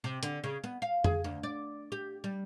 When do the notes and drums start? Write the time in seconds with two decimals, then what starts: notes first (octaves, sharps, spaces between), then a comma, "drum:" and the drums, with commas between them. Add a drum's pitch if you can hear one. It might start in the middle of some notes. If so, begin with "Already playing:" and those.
0.04 C3
0.23 D3, drum: hi-hat
0.44 C#3
0.64 B3
0.82 F5
1.04 G#4, drum: tom F2
1.24 D2
1.43 D5
1.92 G4
2.24 G3